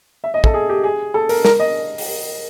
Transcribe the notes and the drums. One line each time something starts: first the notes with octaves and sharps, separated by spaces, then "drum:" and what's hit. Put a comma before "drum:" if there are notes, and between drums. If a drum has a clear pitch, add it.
E5
D#5
A4, drum: kick
G#4
G4
G#4
A4
A#4, drum: open hi-hat
A#4, drum: snare
D#5
drum: open hi-hat